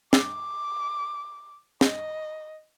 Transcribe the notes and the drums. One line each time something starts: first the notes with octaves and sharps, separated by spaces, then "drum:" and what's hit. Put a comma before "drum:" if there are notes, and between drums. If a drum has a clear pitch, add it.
D6, drum: snare
D#5, drum: snare